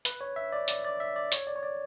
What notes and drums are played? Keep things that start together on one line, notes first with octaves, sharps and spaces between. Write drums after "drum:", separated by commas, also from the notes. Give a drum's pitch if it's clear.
B4, drum: hi-hat
C#5
E5
D5
D5, drum: hi-hat
D5
E5
D5
C#5, drum: hi-hat
D5
C#5
D5